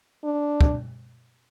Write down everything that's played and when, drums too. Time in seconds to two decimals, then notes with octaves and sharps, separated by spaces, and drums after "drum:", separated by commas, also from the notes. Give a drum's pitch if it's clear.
0.24 D4
0.61 drum: kick